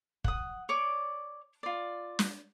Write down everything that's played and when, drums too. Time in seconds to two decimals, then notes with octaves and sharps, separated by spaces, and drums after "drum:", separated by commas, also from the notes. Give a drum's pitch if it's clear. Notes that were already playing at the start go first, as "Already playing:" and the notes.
0.24 F#5 D#6, drum: kick
0.69 C#5 D5 D6
1.63 F4 D5
2.19 drum: snare